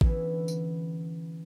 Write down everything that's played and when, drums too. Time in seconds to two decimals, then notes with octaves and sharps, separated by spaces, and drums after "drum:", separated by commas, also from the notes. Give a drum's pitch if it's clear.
0.01 D3 E3 B3 C#4 E4, drum: kick A1
0.48 drum: tambourine